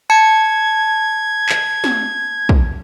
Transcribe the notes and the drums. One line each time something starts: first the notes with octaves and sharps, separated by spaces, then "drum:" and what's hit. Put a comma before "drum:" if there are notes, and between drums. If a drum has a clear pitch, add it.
A5 G#6 C#7
drum: clap
drum: snare
drum: kick